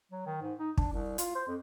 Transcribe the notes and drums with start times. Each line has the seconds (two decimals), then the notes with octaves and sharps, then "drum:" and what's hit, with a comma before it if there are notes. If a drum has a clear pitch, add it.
0.12 F#3
0.26 D#3
0.41 G#2
0.58 D#4
0.77 D4, drum: kick
0.93 C2
1.18 F4, drum: hi-hat
1.35 C5
1.48 F2